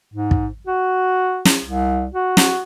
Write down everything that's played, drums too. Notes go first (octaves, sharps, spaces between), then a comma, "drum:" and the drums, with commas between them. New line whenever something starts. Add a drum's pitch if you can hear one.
G#2
drum: kick
F#4
drum: snare
C2
F#4
drum: snare